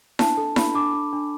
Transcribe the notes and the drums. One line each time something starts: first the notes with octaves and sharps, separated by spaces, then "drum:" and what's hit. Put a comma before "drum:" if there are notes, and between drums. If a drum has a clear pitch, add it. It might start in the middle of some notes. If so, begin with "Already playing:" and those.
D4 A5, drum: snare E4
A4
D4 B5, drum: snare E4
D4 D6
D4
D4